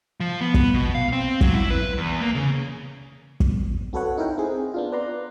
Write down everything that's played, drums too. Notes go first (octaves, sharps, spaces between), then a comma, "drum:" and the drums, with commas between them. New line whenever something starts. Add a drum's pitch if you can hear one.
F3
B3
drum: kick
B2
F5
C4
F#3, drum: kick
E4
B4
E2
A#3
C#3
drum: kick
C4 F#4 A4 B4 C#5 F#5
D#4 E4 A#4 G5
C4 G#4
B3 D4 F4
B4 D5 A#5 C6